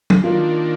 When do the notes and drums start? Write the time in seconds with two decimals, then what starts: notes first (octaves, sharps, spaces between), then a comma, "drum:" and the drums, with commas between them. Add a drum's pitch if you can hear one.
0.10 drum: tom
0.24 D#3 A#3 D4 F4